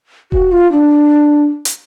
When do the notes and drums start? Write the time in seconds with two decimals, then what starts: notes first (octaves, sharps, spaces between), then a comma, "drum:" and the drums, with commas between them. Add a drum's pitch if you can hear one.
0.32 F#4, drum: kick E1
0.52 F4
0.72 D4
1.65 drum: hi-hat